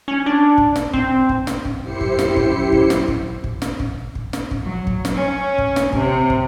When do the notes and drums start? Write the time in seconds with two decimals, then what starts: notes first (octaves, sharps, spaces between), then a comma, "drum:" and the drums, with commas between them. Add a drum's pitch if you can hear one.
0.08 C#4
0.26 D4
0.58 drum: kick
0.76 drum: snare
0.93 C4, drum: kick
1.29 drum: kick
1.47 drum: snare
1.65 drum: kick
1.81 F#2 E4 G4 C5 C7 C#7
2.01 drum: kick
2.19 drum: snare
2.36 drum: kick
2.72 drum: kick
2.90 drum: snare
3.08 drum: kick
3.44 drum: kick
3.62 drum: snare
3.80 drum: kick
4.15 drum: kick
4.33 drum: snare
4.51 drum: kick
4.65 F#3
4.87 drum: kick
5.05 drum: snare
5.15 C#4
5.58 drum: kick
5.76 drum: snare
5.92 C3, drum: kick
6.30 drum: kick